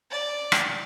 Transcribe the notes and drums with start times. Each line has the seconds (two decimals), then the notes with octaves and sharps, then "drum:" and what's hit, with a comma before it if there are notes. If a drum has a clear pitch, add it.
0.11 D5
0.52 drum: rim click